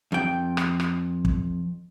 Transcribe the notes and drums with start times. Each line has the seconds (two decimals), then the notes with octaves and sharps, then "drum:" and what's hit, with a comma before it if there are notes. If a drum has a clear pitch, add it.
0.12 F2 G5
0.57 drum: rim click
0.80 drum: rim click
1.25 drum: kick